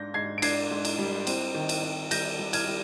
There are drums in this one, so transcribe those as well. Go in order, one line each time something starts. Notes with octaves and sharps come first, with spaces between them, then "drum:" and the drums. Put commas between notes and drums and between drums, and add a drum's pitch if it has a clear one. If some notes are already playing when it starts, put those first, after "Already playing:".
Already playing: G#2 D4 G6 A#6
G#2 G#6 C7
D7
D4 G#6 C7, drum: cymbal
G#2
drum: cymbal
G3
C4, drum: cymbal
D#3
drum: cymbal
C4
G3 G6 A#6, drum: cymbal
G3
F6 G#6, drum: cymbal
G3